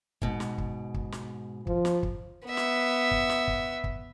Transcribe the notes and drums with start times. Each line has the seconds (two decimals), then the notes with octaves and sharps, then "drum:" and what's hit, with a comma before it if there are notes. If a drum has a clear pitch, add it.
0.22 G#2 B2, drum: kick
0.40 drum: snare
0.58 drum: kick
0.94 drum: kick
1.12 drum: snare
1.67 F3, drum: kick
1.85 drum: snare
2.03 drum: kick
2.46 B3 E5
2.57 drum: snare
3.11 drum: kick
3.29 drum: snare
3.48 drum: kick
3.84 drum: kick